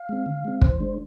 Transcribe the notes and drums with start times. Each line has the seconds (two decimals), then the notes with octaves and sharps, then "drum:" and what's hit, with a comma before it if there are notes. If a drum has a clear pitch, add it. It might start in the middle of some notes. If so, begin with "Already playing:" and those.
Already playing: F5
0.09 G#3 C4
0.26 D3
0.45 G#3 C4
0.61 E3 C5, drum: kick
0.80 G#3 D4